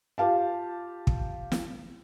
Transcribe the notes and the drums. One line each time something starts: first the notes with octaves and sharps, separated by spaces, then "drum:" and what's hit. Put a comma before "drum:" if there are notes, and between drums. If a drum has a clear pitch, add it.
F4 G4 F5 A5
drum: kick
drum: snare